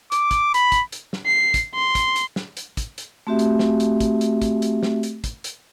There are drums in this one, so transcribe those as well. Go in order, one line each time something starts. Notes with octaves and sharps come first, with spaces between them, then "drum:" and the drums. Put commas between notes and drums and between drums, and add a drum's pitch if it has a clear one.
D6, drum: hi-hat
drum: kick, hi-hat
B5, drum: hi-hat
drum: kick, hi-hat
drum: hi-hat
drum: snare
C7
drum: kick, hi-hat
C6
drum: kick, hi-hat
drum: hi-hat
drum: snare
drum: hi-hat
drum: kick, hi-hat
drum: hi-hat
A3 C4 F#4 G4 E5
drum: hi-hat
drum: snare
drum: hi-hat
drum: kick, hi-hat
drum: hi-hat
drum: kick, hi-hat
drum: hi-hat
drum: snare
drum: hi-hat
drum: kick, hi-hat
drum: hi-hat